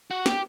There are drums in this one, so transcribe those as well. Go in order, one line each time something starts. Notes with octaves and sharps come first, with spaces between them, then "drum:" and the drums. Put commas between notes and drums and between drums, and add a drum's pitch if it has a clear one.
F#4
G4, drum: snare